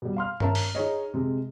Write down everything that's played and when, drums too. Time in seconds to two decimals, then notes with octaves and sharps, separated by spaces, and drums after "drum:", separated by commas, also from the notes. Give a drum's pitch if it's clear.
0.02 B2 G3
0.17 F5 C6 F6
0.40 C#4 A#4 E5 A5, drum: tom G2
0.55 drum: open hi-hat
0.75 D#4 G#4 C#5 D#5
1.14 C3 G#3